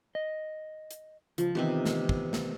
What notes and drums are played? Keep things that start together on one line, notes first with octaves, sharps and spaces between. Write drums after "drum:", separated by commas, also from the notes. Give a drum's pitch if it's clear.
D#5
drum: hi-hat
C#2 F3, drum: hi-hat
C3 D#3 E3 B3 C4 G4
drum: snare
drum: kick
drum: snare